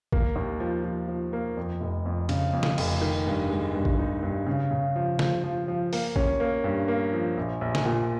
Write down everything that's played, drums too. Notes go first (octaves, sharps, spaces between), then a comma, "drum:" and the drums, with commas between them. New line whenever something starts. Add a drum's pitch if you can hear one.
A#3, drum: kick A1
D#2
F3
F3
F3
A#3
F2
F1
F2
C#3, drum: cymbal
F2
drum: snare
F1, drum: cymbal
D#3
G2
G#3
G2
drum: kick A1
D#4
G2
C#3
C#3
F3
F3, drum: snare
F3
F3
A#3, drum: open hi-hat
C#4, drum: kick A1
A#3
G2
A#3
F3
A#1
A#1
drum: snare
A#2